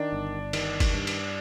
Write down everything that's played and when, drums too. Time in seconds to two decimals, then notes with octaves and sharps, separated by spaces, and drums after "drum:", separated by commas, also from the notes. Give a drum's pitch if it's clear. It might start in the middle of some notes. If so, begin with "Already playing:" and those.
Already playing: D#3 D4
0.13 G1
0.53 D#3, drum: cymbal
0.80 drum: kick F#1, cymbal
0.94 G2
1.07 drum: cymbal